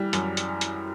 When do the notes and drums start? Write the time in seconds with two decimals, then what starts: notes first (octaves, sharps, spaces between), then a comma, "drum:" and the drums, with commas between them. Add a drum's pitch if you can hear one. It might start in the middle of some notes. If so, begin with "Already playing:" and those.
Already playing: E3 G3
0.13 F#2, drum: hi-hat
0.37 drum: hi-hat
0.61 drum: hi-hat